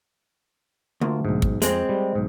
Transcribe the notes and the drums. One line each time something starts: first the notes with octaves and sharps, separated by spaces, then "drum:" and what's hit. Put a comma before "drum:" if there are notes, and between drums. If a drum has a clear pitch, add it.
D2 A#3 F4
B1 G#2
drum: kick
F2 G#3 C4, drum: hi-hat
G3
B1 G#2